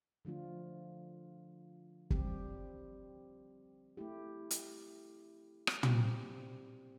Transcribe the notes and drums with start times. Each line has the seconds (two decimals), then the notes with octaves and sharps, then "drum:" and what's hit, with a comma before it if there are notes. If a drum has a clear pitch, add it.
0.25 D3 F3 A3 D4 F4
2.10 G3 C4 G4, drum: kick
3.97 A3 E4 G4
4.51 drum: hi-hat
5.67 drum: rim click
5.83 G3 C4 G4, drum: tom